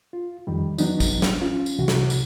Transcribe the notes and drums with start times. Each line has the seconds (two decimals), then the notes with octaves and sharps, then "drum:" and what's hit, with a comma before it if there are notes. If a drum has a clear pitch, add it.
0.13 F4
0.47 F2 D#3 G3
0.78 E3 F#3 B3 D4 D#4, drum: tambourine
1.00 drum: kick, tambourine
1.22 drum: snare
1.41 C#4 F4
1.66 drum: tambourine
1.79 C2 C3 E3 F#4
1.88 drum: snare
2.10 drum: tambourine